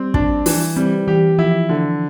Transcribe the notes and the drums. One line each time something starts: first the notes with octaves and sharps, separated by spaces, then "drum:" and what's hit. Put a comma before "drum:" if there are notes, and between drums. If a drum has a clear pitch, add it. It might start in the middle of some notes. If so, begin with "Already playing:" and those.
Already playing: G3 C4
D4, drum: kick
E3, drum: open hi-hat
G3 C4
E3 G4
F3 E4
D3